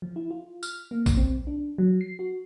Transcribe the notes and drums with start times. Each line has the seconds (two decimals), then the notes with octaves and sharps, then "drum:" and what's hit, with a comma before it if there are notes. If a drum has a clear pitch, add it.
0.02 F3
0.16 E4
0.31 F4
0.63 F6, drum: tambourine
0.91 A#3
1.06 drum: kick A1, tambourine
1.17 C4
1.32 B1
1.47 D4
1.78 F#3
2.01 C7
2.19 F#4